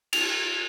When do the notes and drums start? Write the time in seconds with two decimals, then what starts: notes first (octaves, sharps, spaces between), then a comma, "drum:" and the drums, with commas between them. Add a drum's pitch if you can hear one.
0.13 F7, drum: cymbal